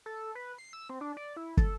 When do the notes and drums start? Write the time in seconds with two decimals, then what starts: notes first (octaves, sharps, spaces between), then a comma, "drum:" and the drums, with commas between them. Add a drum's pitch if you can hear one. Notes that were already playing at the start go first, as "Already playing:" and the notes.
0.06 A4
0.35 B4
0.58 C7
0.73 E6
0.90 C4
1.01 D4
1.17 D5
1.37 E4
1.57 A4, drum: kick